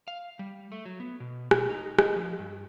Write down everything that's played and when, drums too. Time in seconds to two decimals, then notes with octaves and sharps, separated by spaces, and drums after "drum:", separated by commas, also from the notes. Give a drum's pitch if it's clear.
0.08 F5
0.39 G3
0.72 A3
0.85 F#3
1.00 B3
1.20 B2
1.51 B2, drum: rim click
1.70 D#4
1.99 D#5, drum: rim click
2.16 F3
2.39 G2